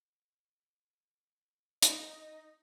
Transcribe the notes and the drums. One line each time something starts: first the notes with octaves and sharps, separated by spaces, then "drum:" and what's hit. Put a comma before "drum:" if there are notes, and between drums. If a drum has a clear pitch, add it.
D#4 D#5, drum: hi-hat